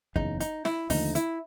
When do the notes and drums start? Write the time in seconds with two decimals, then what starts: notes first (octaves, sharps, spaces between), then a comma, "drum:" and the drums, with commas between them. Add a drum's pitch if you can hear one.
0.16 F#1 E2 C#3 D#4, drum: kick
0.40 D#4, drum: hi-hat
0.65 E4, drum: snare
0.90 D#2 D3 F3 A3 D#4, drum: open hi-hat
1.15 E4, drum: hi-hat